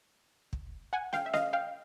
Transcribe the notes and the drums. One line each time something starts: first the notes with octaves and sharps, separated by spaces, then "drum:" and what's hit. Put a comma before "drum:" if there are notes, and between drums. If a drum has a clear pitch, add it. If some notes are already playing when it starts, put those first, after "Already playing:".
drum: kick
F#5 G#5
F5 G5, drum: snare
E5
D#5 F5, drum: snare
F5 G5